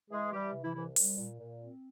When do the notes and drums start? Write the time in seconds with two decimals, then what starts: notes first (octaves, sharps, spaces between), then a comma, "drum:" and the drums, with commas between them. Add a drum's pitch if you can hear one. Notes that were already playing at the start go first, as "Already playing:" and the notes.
0.10 E3 G#3 G#4
0.32 E3 G3 G4
0.53 C3
0.64 E3 E4
0.74 C2 E3 E4
0.96 G3, drum: open hi-hat
1.17 A#2
1.39 A#2
1.60 C4